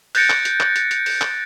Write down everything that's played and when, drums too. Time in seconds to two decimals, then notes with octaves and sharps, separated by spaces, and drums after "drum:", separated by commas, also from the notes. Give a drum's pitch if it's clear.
0.15 F#6 G6 A6 A#6 C#7 D7, drum: open hi-hat
0.30 drum: clap
0.45 drum: hi-hat
0.60 drum: clap
0.76 drum: hi-hat
0.91 drum: hi-hat
1.06 drum: open hi-hat
1.21 drum: clap